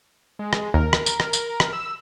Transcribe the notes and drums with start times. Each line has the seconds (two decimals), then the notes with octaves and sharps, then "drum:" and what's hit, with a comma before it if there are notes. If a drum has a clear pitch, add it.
0.39 G#3
0.53 drum: rim click
0.74 D#2 A#4
0.93 drum: rim click
1.06 drum: tambourine
1.20 drum: rim click
1.33 drum: tambourine
1.60 drum: rim click
1.73 E6